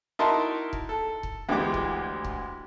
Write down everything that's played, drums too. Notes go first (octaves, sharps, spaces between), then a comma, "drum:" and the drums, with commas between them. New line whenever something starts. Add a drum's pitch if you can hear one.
D#4 E4 F#4 A#4 A5 C6
drum: kick C#1
A4
drum: kick C#1
D2 E3 G#3 G4 D6
drum: kick C#1
drum: kick C#1